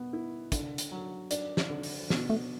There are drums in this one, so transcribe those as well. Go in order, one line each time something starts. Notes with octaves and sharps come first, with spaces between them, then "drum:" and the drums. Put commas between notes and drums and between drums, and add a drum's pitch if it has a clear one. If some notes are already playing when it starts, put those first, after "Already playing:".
Already playing: B2 B3
E4
D3, drum: kick, hi-hat
drum: hi-hat
F#3
D4, drum: hi-hat
drum: snare
D3
drum: open hi-hat
B2, drum: snare
A3